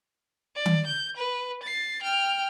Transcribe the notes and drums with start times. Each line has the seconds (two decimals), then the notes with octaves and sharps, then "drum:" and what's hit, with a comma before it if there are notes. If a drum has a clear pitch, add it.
0.55 D5
0.66 drum: tom D#3
0.86 G6
1.16 B4
1.63 A6 C7
2.02 G5 F6